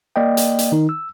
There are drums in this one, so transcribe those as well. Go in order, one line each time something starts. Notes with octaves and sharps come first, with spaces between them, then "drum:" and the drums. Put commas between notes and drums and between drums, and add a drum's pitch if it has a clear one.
A#3 D5 D#5 G5
drum: hi-hat
drum: hi-hat
D#3 D#4
E6